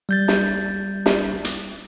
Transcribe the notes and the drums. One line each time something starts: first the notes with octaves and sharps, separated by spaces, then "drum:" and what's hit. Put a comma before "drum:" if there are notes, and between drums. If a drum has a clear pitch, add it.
G3 G6 A6
drum: snare
drum: snare
drum: hi-hat